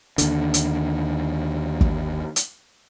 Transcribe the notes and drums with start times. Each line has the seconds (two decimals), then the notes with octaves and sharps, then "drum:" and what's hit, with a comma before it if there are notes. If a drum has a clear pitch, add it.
0.18 D#2 D3, drum: hi-hat
0.54 drum: hi-hat
1.81 drum: kick
2.36 drum: hi-hat